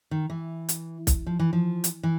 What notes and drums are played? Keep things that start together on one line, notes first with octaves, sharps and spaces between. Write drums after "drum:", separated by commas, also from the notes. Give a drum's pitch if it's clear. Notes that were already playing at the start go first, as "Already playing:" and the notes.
D#3
E3
drum: hi-hat
drum: kick B1, hi-hat
F3
E3
F3
drum: hi-hat
E3